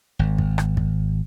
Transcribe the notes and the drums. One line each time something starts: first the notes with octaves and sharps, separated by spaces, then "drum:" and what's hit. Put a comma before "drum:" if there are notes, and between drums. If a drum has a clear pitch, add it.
G#1
drum: kick
drum: rim click
drum: kick